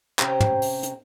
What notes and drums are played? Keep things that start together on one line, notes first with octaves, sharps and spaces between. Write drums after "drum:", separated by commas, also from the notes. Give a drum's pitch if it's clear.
C3 C#4 G4 C5 G5 A#5, drum: clap
drum: tom
drum: open hi-hat
drum: hi-hat